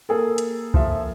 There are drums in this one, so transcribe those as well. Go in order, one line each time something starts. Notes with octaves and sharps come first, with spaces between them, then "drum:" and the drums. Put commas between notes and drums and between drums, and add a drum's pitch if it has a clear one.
A#3 G#4 A4
drum: hi-hat
F3 E5, drum: kick